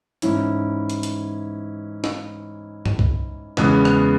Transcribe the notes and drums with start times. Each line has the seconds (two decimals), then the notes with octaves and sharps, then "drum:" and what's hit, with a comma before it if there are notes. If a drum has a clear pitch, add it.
0.22 G#2 E3 C#4 E4, drum: hi-hat
0.90 drum: hi-hat
1.03 drum: hi-hat
2.04 drum: snare
2.86 drum: tom G2
2.99 drum: kick C2
3.57 E2 C#3 G#3 B3, drum: snare
3.85 drum: rim click